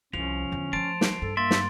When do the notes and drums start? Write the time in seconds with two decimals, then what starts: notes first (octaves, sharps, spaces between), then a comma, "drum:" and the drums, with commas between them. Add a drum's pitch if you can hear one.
0.13 C2 F3 C#4 F7
0.52 E2 D3
0.73 F3 A3 C5 A5 D7
1.01 drum: snare
1.22 G2 A4
1.37 A#3 E5 C6 A6
1.51 drum: snare